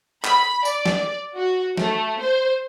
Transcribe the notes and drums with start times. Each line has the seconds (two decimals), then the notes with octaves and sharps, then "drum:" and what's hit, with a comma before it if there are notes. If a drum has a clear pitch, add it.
0.24 B5, drum: clap
0.65 D5, drum: tambourine
0.86 drum: snare
1.36 F#4
1.77 A3, drum: snare
2.20 C5